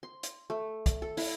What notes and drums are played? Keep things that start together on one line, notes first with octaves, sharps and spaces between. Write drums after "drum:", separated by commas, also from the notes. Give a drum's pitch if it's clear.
C6
drum: hi-hat
A3
drum: kick, hi-hat
A4
E4, drum: open hi-hat